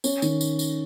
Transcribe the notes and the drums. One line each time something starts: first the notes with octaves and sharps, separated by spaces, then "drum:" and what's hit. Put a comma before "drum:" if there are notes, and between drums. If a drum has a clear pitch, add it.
C#4, drum: tambourine
D#3, drum: tambourine
drum: tambourine
drum: tambourine